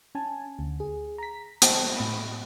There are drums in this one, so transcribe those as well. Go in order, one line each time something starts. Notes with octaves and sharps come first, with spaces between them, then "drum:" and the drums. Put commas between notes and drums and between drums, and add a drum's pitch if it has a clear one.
C#4 G#5 A5
D2
G#4
A#5 B6
C5 A5, drum: hi-hat
A2 B5